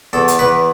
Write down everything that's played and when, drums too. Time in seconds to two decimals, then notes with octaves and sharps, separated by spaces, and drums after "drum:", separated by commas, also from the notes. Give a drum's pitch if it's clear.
0.13 E2 A4
0.28 drum: hi-hat
0.39 E2 B4